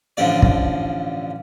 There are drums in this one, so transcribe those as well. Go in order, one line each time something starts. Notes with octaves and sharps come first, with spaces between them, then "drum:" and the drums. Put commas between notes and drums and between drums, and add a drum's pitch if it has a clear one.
A1 G2 D3 F3 D5
drum: kick